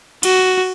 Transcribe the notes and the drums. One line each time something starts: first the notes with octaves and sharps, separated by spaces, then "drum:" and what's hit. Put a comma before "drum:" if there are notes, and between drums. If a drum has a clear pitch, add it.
F#4, drum: cymbal